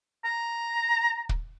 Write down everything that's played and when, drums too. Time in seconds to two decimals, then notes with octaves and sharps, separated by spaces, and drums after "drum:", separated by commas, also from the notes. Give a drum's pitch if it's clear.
0.24 A#5
1.29 drum: kick